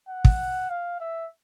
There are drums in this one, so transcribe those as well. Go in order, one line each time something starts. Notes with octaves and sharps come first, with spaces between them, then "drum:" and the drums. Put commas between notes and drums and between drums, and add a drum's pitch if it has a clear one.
F#5
drum: kick
F5
E5